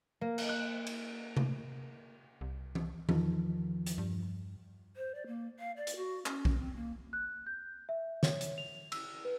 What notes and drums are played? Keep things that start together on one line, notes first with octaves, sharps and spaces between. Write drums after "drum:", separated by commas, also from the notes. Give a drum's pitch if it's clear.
A#3
drum: cymbal
F#6
drum: cymbal
drum: tom C3
C2
drum: tom E3
E2 D#3 F3, drum: tom E3
drum: hi-hat
G2
C5
D5
A#3
F5
D5
drum: hi-hat
F#4
C#4, drum: clap
drum: kick A#1
C4
A#3
F#6
G6
E5
C#5, drum: snare
drum: hi-hat
F7
E6, drum: cymbal
B4